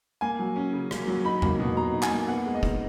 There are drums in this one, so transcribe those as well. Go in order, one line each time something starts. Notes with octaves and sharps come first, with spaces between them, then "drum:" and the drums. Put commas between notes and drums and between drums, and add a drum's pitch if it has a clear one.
A#3 G#5
F#3
C#4
C#3
A#3, drum: rim click
F#3
D#4 B5
A#3, drum: tom E2
B2
B2 A#5
D#4
G#5, drum: clap
A#3
B3 F#5
G#3
D#5
D#4, drum: kick